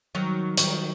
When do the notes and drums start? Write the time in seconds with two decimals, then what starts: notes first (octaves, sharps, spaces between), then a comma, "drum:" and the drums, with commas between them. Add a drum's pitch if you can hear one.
0.15 D#3 F#3
0.57 D#3 F#3, drum: hi-hat